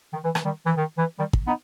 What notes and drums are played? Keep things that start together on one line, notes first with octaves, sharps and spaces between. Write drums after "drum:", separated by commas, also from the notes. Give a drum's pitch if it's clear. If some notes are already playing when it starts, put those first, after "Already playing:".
D#3
E3
E3, drum: rim click
D#3 G3
E3
D#3
E3
D#3 G3
drum: kick
B3 D#4